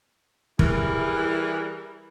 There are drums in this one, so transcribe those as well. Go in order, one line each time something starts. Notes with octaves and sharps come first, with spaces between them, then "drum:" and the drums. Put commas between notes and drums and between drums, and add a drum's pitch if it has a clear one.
E3 G3 E4 G#4 A#4, drum: kick